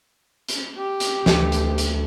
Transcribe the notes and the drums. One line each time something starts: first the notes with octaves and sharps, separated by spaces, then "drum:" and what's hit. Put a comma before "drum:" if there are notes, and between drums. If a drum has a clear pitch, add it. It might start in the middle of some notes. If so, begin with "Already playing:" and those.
drum: hi-hat
G4
drum: hi-hat
D2, drum: snare
drum: hi-hat
drum: hi-hat